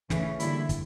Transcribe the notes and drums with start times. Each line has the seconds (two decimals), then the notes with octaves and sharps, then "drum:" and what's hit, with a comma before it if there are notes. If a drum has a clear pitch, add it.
0.10 C#3 E3 A3 C#4, drum: snare
0.40 D3 G3 A#3 E4, drum: hi-hat
0.69 drum: kick, hi-hat